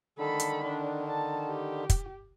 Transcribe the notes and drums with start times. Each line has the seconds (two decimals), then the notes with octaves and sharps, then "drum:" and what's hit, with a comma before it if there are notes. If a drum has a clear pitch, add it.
0.18 D3 D#3 A4 B5
0.40 drum: hi-hat
0.65 D4
1.08 A5
1.48 G4
1.90 drum: kick, hi-hat